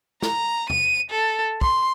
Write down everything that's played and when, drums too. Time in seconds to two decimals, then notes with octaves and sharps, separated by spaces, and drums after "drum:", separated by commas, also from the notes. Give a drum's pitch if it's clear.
0.22 A#5, drum: snare
0.70 D#7, drum: tom
1.11 A4
1.61 C6, drum: kick